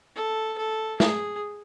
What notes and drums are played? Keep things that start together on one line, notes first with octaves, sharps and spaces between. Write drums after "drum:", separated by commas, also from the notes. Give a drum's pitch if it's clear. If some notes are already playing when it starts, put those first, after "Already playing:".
A4
A4
G#4, drum: snare